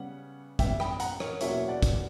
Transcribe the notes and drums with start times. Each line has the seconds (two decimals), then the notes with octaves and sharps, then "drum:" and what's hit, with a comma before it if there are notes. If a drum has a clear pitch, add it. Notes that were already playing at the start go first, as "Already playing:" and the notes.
Already playing: C#3 G3 B3 F#5
0.59 C#3 G3 B3 E5 G5, drum: kick, hi-hat
0.80 G5 B5, drum: rim click
1.00 F#5 A#5, drum: hi-hat
1.20 A#4 C#5, drum: rim click
1.41 E2 B2 F#3 A#3 C#4 C#5 E5, drum: hi-hat
1.68 D5 F#5
1.82 drum: kick, hi-hat